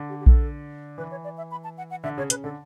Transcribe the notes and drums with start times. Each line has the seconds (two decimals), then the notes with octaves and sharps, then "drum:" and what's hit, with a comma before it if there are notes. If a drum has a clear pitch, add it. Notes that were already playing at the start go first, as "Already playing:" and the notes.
Already playing: D3
0.09 G4
0.20 G4
0.26 A4, drum: kick A#1
0.98 E3 B4
1.11 C#5
1.24 D5
1.37 E5
1.51 B5
1.64 A5
1.78 F#5
1.90 F#5
2.04 D3 E5
2.18 C#3 C#5
2.30 C#3 B4, drum: hi-hat
2.44 D3 A4